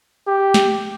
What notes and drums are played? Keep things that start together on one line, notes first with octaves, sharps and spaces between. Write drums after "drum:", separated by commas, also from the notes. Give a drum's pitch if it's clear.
G4
drum: snare